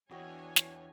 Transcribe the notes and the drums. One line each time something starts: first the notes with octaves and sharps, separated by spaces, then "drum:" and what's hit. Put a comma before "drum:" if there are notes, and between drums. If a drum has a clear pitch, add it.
E2 D4 F#4 C#5 D#5 G5 G#5
drum: snare